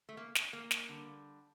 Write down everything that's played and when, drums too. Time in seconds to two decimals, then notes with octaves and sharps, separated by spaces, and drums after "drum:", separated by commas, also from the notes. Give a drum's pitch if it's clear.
0.09 A3
0.17 A#3
0.35 drum: snare
0.53 A#3
0.71 drum: snare
0.88 D3 G3